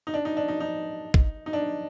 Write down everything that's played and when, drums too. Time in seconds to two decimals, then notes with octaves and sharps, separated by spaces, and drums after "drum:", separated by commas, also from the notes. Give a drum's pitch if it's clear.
0.07 D#4
0.14 D4
0.25 D#4
0.37 D4
0.48 D#4
0.60 D#4
1.14 drum: kick
1.46 D#4
1.53 D4